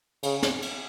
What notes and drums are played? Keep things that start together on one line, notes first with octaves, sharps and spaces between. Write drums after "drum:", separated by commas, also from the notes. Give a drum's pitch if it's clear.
C#3, drum: cymbal
drum: snare
drum: cymbal